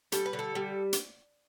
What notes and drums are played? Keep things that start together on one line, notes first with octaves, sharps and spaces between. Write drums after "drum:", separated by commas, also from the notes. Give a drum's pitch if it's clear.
G3 A4, drum: hi-hat
B4
D3
A4
G3
drum: hi-hat